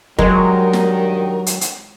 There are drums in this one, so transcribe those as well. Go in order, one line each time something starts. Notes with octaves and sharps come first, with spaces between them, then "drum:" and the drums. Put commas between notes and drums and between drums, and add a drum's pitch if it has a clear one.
G2 D#3 F#3 G#3 A#4, drum: kick
drum: snare
drum: hi-hat
drum: hi-hat